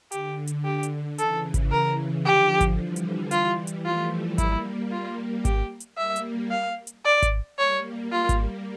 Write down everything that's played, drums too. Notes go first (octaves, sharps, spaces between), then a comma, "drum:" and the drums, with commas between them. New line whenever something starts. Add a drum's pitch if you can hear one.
D3 G4, drum: hi-hat
drum: hi-hat
G4
drum: hi-hat
C#3 E3 A4, drum: hi-hat
drum: kick G#1, hi-hat
C#3 E3 A#4
D3 F3 G4
drum: kick G#1, hi-hat
E3 G3
drum: hi-hat
E3 G3 F4, drum: hi-hat
drum: hi-hat
F3 A3 F4
G3 A#3 E4, drum: kick G#1, hi-hat
G3 A#3 F4
G4, drum: kick G#1, hi-hat
drum: hi-hat
G3 A#3 E5
drum: hi-hat
F5
drum: hi-hat
D5
drum: kick G#1, hi-hat
G3 A#3 C#5
F4
drum: kick G#1, hi-hat